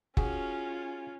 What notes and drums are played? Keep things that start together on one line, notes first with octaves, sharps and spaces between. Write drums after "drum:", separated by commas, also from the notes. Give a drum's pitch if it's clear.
C#4 F4 F#4 G#4, drum: kick F#1